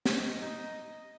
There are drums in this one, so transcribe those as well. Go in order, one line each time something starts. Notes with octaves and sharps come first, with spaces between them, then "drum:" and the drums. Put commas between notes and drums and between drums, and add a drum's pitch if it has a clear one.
drum: snare
D#5
D#4